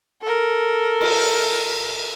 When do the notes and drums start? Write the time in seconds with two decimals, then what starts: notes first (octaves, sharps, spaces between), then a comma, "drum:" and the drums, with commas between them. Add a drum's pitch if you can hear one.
0.22 A4 A#4
1.01 drum: cymbal